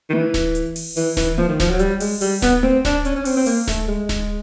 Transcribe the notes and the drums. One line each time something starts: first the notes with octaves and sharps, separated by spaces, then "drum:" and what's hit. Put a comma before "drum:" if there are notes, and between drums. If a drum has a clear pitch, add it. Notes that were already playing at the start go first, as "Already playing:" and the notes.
D#3
E3, drum: tom A3
drum: snare D1
drum: hi-hat
drum: open hi-hat
E3, drum: open hi-hat
E3, drum: snare D1
F3, drum: tom A3
D#3
F3, drum: snare D1
F#3
G3, drum: hi-hat
G#3, drum: open hi-hat
G3, drum: open hi-hat
B3, drum: snare D1
C4, drum: tom A3
D4, drum: snare D1
C#4, drum: hi-hat
C#4
C4, drum: open hi-hat
C4
A#3, drum: open hi-hat
A3, drum: snare D1
G#3
drum: snare D1